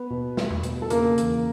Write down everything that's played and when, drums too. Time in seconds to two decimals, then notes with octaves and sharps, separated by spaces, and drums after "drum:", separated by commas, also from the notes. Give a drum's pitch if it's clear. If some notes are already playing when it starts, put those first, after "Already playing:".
Already playing: B3 B4
0.10 B2
0.37 G3, drum: snare
0.50 drum: tom E2
0.63 B2, drum: hi-hat
0.82 A4
0.90 C#3 A#3 A#4, drum: hi-hat
1.18 E2, drum: hi-hat